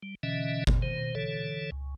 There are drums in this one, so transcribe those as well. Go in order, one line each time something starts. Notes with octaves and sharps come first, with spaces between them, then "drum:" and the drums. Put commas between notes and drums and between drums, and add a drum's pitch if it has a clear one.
G3
B2 D3 E3 C#4 D#5 E5
drum: kick G1
D#3 C5
D3 E3 A4 C#5
C#2